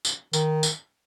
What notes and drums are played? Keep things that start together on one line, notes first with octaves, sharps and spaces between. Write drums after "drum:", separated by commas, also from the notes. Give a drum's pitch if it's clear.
drum: tambourine
D#3, drum: tambourine
drum: tambourine